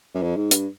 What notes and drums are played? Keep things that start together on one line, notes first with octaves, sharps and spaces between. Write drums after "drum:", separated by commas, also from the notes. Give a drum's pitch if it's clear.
F#2
F2
G#2
G2, drum: hi-hat